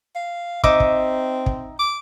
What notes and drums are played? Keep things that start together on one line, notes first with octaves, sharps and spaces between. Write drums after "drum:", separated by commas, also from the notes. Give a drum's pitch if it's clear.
F5
C4 D#4 E5 D6, drum: kick
drum: kick
drum: kick
D6